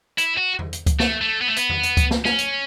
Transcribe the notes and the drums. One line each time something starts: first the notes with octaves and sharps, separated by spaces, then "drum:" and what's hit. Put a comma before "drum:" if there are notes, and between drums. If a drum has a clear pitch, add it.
E4, drum: hi-hat
F#4
drum: tom E2
drum: hi-hat
drum: kick C#2, hi-hat
A3, drum: snare
A3
B3
A3
B3, drum: hi-hat
drum: tom E2
drum: hi-hat
drum: kick C#2, hi-hat
drum: snare
C#4, drum: snare
drum: hi-hat